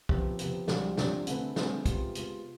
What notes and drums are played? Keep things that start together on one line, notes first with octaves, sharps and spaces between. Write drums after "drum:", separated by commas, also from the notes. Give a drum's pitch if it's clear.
C3 F3 B3, drum: kick
C3 F3 B3, drum: hi-hat
C2 C3 F3 G#3 D4, drum: snare
C2 C3 F3 G#3 D4, drum: snare
D3 A3 C4 G#4 B4, drum: hi-hat
D3 A3 C4 G#4 B4, drum: snare
C3 G#3 B3 F4, drum: kick, hi-hat
C3 G#3 B3 F4, drum: hi-hat